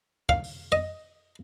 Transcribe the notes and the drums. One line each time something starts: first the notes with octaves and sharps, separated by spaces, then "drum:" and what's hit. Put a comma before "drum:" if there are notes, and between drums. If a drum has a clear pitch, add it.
F5, drum: kick
drum: open hi-hat
D#5